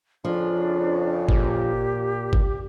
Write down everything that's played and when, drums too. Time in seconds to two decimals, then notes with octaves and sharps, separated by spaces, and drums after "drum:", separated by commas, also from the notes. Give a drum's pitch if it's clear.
0.25 F2 C#3 F3 D4
1.29 A#2 G4, drum: kick
2.33 drum: kick